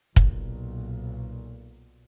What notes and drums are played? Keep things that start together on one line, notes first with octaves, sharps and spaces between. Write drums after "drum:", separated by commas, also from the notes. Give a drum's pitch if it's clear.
B1 A#2, drum: kick